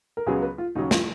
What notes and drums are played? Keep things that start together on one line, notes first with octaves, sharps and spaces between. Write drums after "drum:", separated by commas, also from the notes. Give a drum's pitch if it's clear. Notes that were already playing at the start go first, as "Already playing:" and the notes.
A#4
C#2 C#3 F#3 B3 G#4
B4
F4
D#2 C#3 F#3 C#4 D#4
F4, drum: snare